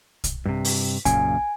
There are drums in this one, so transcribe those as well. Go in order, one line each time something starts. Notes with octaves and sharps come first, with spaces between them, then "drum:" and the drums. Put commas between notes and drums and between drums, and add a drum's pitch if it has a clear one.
drum: kick, hi-hat
G2 C3
drum: open hi-hat
F#2 A#2 C#3 G#5, drum: kick, hi-hat